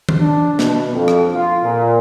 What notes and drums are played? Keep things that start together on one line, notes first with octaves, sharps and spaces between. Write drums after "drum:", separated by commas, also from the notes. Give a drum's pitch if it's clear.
drum: tom D#3
D4
B2, drum: snare
F2
drum: rim click
F4
A#2